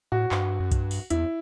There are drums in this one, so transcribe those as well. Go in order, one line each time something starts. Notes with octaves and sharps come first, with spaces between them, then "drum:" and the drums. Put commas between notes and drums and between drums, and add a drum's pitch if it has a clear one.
A2 F#4
G2, drum: clap
F#2
G2, drum: kick B1, hi-hat
drum: open hi-hat
E2 E4, drum: hi-hat